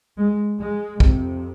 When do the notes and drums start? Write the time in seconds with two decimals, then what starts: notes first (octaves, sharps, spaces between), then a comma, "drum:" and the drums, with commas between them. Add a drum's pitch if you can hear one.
0.18 G#3
0.59 G#3
1.00 F2 C3, drum: kick